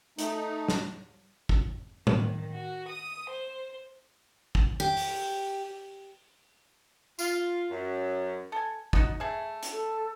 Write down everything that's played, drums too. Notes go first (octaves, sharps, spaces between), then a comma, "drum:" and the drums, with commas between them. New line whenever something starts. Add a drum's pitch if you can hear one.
A3 D#4, drum: hi-hat
drum: snare
drum: kick
D#3, drum: tom A2
F#4
D#6
C5
drum: kick
G4
drum: open hi-hat
F4, drum: tambourine
F#2
A4 G#5
D#4 F#4 D#5, drum: kick
A3 G#4 E5
drum: hi-hat
A4